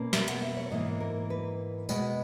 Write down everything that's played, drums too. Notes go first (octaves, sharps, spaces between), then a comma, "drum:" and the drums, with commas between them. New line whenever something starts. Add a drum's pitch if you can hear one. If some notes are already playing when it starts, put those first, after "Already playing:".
Already playing: B2 A#3 C#4
E5, drum: snare
F#5, drum: hi-hat
E5
C#5
G#2 E3 A#3 D#5
A#4
B4
B2 G#3 B3 D#5, drum: tambourine